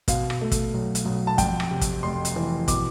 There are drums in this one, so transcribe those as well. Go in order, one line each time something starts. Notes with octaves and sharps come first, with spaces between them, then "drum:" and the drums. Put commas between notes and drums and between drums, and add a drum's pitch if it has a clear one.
B2 F5, drum: kick, hi-hat
drum: rim click
A3
drum: kick, hi-hat
B1
drum: hi-hat
B1
A5
F2 G5, drum: kick, hi-hat
drum: rim click
C3
drum: kick, hi-hat
F1 C6
drum: hi-hat
E3
B2 D6, drum: kick, hi-hat